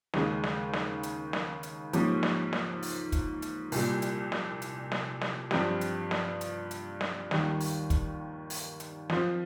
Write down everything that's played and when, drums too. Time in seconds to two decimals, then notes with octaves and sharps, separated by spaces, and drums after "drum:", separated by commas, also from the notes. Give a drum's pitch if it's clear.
0.14 D#2 C#3 G#3, drum: snare
0.44 drum: snare
0.73 drum: snare
1.03 drum: hi-hat
1.33 drum: snare
1.63 drum: hi-hat
1.93 G#2 F3 A#3 C#4 G4, drum: hi-hat
2.23 drum: snare
2.53 drum: snare
2.83 drum: open hi-hat
3.12 drum: kick, hi-hat
3.42 drum: hi-hat
3.72 C2 A#2 G3, drum: open hi-hat
4.02 drum: hi-hat
4.32 drum: snare
4.62 drum: hi-hat
4.92 drum: snare
5.21 drum: snare
5.51 G2 F3 C4 G4, drum: snare
5.81 drum: hi-hat
6.11 drum: snare
6.41 drum: hi-hat
6.71 drum: hi-hat
7.01 drum: snare
7.31 D#2 D#3 G3, drum: snare
7.60 drum: open hi-hat
7.90 drum: kick, hi-hat
8.50 drum: open hi-hat
8.80 drum: hi-hat
9.10 F3 C4 F4 C5, drum: snare